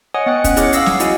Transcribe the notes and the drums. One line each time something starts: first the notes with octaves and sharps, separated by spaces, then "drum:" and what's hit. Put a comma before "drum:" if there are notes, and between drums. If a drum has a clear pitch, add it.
C#5 D#5 F#5 G#5 D#6
B3 D#5 F#5 G5 F#6 C#7
C#4 F#6, drum: kick, hi-hat
E4 G#4 C#5 F#5 D6, drum: hi-hat
F5 D#6 E6 A#6 C7, drum: hi-hat
drum: snare
E4 F#4 D#5 G#5, drum: hi-hat